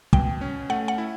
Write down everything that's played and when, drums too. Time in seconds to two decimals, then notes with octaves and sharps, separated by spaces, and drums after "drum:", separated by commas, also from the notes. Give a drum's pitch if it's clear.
0.13 B2 G5, drum: kick
0.41 C#4
0.70 A3 F#5
0.88 F#5
0.98 E4